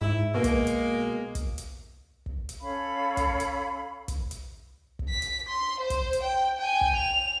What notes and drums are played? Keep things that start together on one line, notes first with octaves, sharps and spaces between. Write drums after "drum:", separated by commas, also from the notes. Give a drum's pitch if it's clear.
G#2 E4
B2 G#3 A#3
drum: kick, hi-hat
drum: hi-hat
drum: kick, hi-hat
drum: hi-hat
drum: kick
drum: hi-hat
C#4 A4 F5 B5
drum: kick, hi-hat
drum: hi-hat
drum: kick, hi-hat
drum: hi-hat
drum: kick
B6
drum: hi-hat
C6
C5
drum: kick, hi-hat
drum: hi-hat
G5
G5 G#5
drum: kick
F7